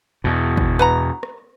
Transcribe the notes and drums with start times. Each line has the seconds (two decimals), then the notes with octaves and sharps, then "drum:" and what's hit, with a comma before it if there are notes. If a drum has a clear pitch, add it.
0.24 E2 B2
0.57 drum: kick
0.79 B4 F#5 A#5
1.23 drum: rim click